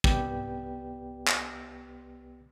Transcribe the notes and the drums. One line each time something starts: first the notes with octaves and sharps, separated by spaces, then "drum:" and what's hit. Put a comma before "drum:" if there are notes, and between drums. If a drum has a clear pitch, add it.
C2 B3 G4 B4 D5 G5, drum: kick
drum: clap